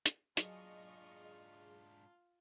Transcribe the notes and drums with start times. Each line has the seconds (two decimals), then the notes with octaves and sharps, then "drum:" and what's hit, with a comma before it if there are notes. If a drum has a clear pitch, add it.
0.06 drum: hi-hat
0.37 G#2 F#3 D4 F4 G#4 D#5 C#6, drum: hi-hat